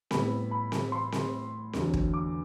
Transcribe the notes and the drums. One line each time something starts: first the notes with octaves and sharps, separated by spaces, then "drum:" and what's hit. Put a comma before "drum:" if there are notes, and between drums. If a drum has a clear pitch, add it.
A2 G3 B3 B5, drum: snare C4
B5
drum: snare C4
C6
drum: snare C4
E2 D3 F#3, drum: snare C4
drum: kick
D6